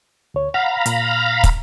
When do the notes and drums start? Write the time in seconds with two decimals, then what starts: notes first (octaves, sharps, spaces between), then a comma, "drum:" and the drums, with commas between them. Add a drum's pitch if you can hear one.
0.34 D2 C#5
0.54 F5 F#5 A#5 B5
0.86 A#2, drum: hi-hat
1.44 drum: kick, hi-hat